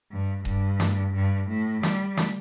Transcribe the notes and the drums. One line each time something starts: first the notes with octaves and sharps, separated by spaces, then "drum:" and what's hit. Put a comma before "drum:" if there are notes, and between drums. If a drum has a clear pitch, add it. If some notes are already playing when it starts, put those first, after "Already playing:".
G2
G2, drum: kick D#1
drum: snare
G2
A2
G3, drum: snare
drum: snare